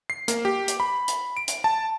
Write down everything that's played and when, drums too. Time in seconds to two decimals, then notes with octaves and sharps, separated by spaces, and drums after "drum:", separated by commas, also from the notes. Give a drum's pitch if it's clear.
0.10 C7
0.28 A#3, drum: hi-hat
0.45 G4
0.68 drum: hi-hat
0.80 B5
1.08 drum: hi-hat
1.37 D7
1.48 drum: hi-hat
1.64 A5